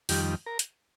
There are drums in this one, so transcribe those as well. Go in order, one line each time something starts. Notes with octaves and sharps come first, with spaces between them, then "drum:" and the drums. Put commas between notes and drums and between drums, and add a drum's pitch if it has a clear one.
F2 D#3 G3 G4, drum: open hi-hat
A#4
drum: hi-hat